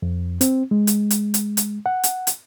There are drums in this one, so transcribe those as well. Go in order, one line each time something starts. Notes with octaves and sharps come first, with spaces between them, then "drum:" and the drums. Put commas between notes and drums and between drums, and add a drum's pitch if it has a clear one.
F2
C4, drum: hi-hat
G#3
drum: hi-hat
drum: hi-hat
drum: hi-hat
drum: hi-hat
F#5
drum: hi-hat
drum: hi-hat